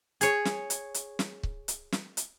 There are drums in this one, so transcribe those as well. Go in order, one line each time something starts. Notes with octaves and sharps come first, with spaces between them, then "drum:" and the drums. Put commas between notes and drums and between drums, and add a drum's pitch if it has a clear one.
G#4 C#5, drum: hi-hat
drum: snare
drum: hi-hat
drum: hi-hat
drum: snare
drum: kick C#1
drum: hi-hat
drum: snare
drum: hi-hat